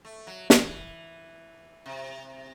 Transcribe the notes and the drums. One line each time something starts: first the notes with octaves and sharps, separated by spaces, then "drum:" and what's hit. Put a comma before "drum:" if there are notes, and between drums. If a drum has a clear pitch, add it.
A3
F#3
E3, drum: snare
C3